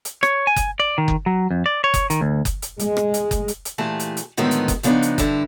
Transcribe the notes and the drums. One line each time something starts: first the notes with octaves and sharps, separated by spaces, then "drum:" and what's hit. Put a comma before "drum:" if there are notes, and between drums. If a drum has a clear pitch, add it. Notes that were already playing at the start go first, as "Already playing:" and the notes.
drum: hi-hat
C#5, drum: rim click
G#5
drum: kick F#1, hi-hat
D5
D#3
drum: kick F#1
F#3
F2
D5
C#5
drum: kick F#1, hi-hat
D#3, drum: hi-hat
D2
drum: kick F#1, hi-hat
drum: hi-hat
G#3, drum: hi-hat
drum: rim click
drum: hi-hat
drum: kick F#1, hi-hat
drum: hi-hat
drum: hi-hat
A#2 E3 A3 G4 G#4 A5
drum: hi-hat
drum: hi-hat
A2 D3 D#3 F3 G#3 B3
drum: hi-hat
drum: kick F#1, hi-hat
C#3 F3 B3 C4 D4 D#4, drum: hi-hat
drum: hi-hat
G2 D3 E4, drum: kick F#1, hi-hat